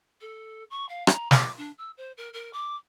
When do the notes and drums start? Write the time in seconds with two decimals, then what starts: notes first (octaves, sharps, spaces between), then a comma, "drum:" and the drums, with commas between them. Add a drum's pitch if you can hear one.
0.21 A4
0.70 C#6
0.89 F5
1.07 A#5, drum: rim click
1.31 D6, drum: snare
1.57 D4
1.78 E6
1.97 C5
2.17 A#4
2.33 A#4
2.53 D6